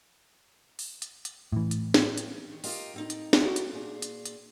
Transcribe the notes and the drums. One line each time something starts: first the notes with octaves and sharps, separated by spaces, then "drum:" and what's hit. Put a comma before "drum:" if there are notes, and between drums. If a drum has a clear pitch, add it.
drum: open hi-hat
drum: hi-hat
drum: hi-hat
A2 E3
drum: hi-hat
drum: snare
drum: hi-hat
D#3
F4 G4 A#4 D#5 F5 G5, drum: open hi-hat
A2 C4 D#4
drum: hi-hat
drum: snare
D#4 E4 F#4 G4 A4
drum: hi-hat
A#2 G#4
drum: hi-hat
drum: hi-hat